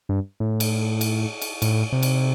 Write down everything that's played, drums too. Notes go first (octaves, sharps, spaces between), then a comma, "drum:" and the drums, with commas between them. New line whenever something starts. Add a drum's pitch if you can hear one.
G2
A2
drum: cymbal
drum: cymbal
drum: cymbal
A2, drum: cymbal
C3
drum: cymbal